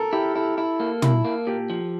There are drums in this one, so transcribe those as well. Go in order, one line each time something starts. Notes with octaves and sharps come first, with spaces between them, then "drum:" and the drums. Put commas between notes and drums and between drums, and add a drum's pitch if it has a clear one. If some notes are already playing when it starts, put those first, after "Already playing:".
Already playing: A4 A#4
E4 G4
E4 A4
E4
A#3
E4, drum: tom
A#3
A#2 G4
F3